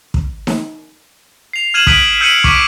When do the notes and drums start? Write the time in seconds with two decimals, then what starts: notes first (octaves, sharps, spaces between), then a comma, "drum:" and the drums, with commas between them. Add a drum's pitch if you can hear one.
0.14 drum: kick
0.47 drum: snare D#4
1.53 C7 F7
1.74 F6 G#6 D#7 E7 F#7
1.87 D#6 F#6 B6 D7 D#7 F#7, drum: kick
2.21 E6 G6 B6 C#7 D#7 F#7
2.44 C#6 D6 B6 C7 D7, drum: kick